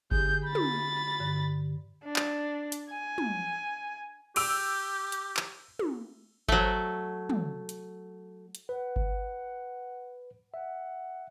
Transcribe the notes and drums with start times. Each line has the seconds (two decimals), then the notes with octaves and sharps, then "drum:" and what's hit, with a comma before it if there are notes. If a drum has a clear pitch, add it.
0.11 D3 G4 G#4 G6, drum: kick G1
0.46 B5 A6
0.55 drum: tom
1.20 G2 D3
2.04 D4
2.16 drum: clap
2.72 drum: hi-hat
2.91 G#5
3.18 drum: tom
4.36 G4 E6 D7 F7, drum: cymbal
5.12 drum: hi-hat
5.37 drum: clap
5.79 drum: tom
6.48 F#3 A3, drum: kick G1
7.29 drum: tom
7.69 drum: hi-hat
8.55 drum: hi-hat
8.69 B4 F#5
8.96 drum: kick G1
10.54 E5 F#5